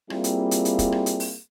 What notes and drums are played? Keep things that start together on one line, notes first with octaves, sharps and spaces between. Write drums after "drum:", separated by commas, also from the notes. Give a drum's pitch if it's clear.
G3 A#3 C4 E4 F4 G#4, drum: rim click
drum: hi-hat
drum: hi-hat
drum: hi-hat
drum: kick, hi-hat
drum: rim click
drum: hi-hat
drum: open hi-hat